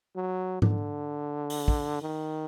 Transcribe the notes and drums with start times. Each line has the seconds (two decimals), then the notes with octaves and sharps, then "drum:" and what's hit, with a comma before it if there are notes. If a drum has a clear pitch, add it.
0.16 F#3
0.62 D3, drum: tom G#2
1.50 drum: open hi-hat
1.68 drum: kick
2.02 D#3